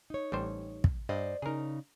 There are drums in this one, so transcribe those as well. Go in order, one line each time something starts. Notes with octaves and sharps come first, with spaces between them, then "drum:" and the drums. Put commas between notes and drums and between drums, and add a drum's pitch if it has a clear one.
D#4 C#5
A1 G3 C5
drum: kick
G2 C5 D5 D#5
C#3 D#4 G#4 A#4